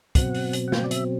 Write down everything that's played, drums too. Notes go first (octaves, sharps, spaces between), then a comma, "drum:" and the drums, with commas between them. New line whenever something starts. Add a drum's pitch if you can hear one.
B2 F#3 C4 F#5, drum: kick, hi-hat
drum: open hi-hat
drum: hi-hat
F#5
G5, drum: snare
D5
E5, drum: hi-hat